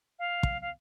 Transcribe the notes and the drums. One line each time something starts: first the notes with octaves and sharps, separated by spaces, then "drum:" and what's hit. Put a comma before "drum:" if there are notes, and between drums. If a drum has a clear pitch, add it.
F5
drum: kick
F5